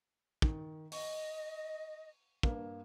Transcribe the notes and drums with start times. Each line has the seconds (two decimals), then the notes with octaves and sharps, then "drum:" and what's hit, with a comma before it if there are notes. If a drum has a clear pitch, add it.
0.42 D#3, drum: kick
0.92 D#5 C#6, drum: open hi-hat
2.43 G2 A#3, drum: kick